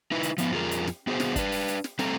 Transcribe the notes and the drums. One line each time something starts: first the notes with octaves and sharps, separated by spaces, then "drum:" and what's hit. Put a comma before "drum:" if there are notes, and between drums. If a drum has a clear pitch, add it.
D#4 E4 B4
drum: hi-hat
F3 B3, drum: hi-hat
F2 F4 G#4 A#4
drum: hi-hat
drum: snare
B3 F#4 G#4 B4 C5
drum: snare
D4 B4, drum: kick, hi-hat
drum: open hi-hat
drum: hi-hat
drum: snare
G3 A3 C4 A4 A#5, drum: snare